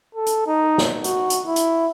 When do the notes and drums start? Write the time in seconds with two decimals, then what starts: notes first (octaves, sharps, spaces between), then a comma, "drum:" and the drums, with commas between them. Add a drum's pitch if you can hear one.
0.15 A4
0.26 drum: hi-hat
0.47 D#4
0.78 drum: snare
1.04 F#4, drum: hi-hat
1.30 drum: hi-hat
1.46 E4
1.56 drum: hi-hat